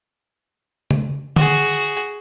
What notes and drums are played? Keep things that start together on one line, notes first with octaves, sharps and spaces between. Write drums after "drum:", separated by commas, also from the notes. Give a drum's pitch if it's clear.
drum: tom C#3
F#4 G#4, drum: tom D3